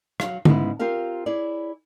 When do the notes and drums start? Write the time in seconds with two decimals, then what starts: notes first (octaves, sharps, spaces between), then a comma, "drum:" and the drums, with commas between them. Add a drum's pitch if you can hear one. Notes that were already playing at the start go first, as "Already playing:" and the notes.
0.20 F#3 F5, drum: rim click
0.45 G#2 C#3 B3 E4, drum: tom
0.79 C4 F4 G4 A#4 F5
1.26 E4 G#4 C#5 D5